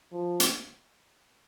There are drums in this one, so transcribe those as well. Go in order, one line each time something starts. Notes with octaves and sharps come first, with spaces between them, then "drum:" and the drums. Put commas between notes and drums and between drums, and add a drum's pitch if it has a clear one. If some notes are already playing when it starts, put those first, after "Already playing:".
F3
drum: hi-hat